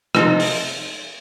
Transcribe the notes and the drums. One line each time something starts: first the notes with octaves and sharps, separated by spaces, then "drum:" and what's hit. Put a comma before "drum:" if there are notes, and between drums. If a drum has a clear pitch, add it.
C3 F3 G#3 C4 D#4, drum: rim click
drum: open hi-hat